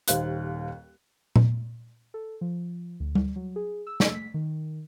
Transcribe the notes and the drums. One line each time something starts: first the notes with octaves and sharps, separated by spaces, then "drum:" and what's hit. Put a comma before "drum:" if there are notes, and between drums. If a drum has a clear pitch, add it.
D#1 D#2 C5 F5 F#6, drum: hi-hat
drum: tom A#2
A4
F3
D2
drum: tom G3
F#3
G#4
E6
drum: snare
B6
D#3